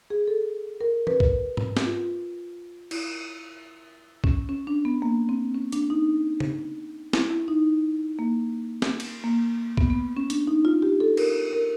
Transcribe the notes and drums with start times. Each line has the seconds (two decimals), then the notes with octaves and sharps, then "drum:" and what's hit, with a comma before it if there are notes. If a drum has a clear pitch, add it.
0.10 G#4
0.28 A4
0.81 A#4
1.07 B4, drum: tom E3
1.20 drum: kick
1.57 drum: tom G#2
1.77 drum: snare
1.86 F4
2.91 E4, drum: cymbal
4.24 C#4, drum: kick
4.49 C#4
4.67 D4
4.85 B3
5.02 A#3
5.29 C4
5.55 C#4
5.72 D4, drum: hi-hat
5.90 D#4
6.40 drum: tom C#3
7.13 E4, drum: snare
7.31 E4
7.48 D#4
8.19 A#3
8.82 drum: snare
9.00 drum: cymbal
9.24 A#3
9.77 B3, drum: kick
9.90 B3
10.17 C#4
10.30 D4, drum: hi-hat
10.47 D#4
10.65 F4
10.82 G4
11.00 A4
11.17 A#4, drum: cymbal
11.53 A#4